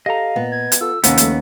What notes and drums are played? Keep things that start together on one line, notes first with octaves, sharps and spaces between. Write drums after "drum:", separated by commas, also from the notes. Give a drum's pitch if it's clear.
G4 A4 D#5 F5 A#5
A#2 B3
G#6
drum: hi-hat
F4 A4 E6
D#2 C3 B3 C#4 F#5 E6, drum: hi-hat
F3 A3, drum: hi-hat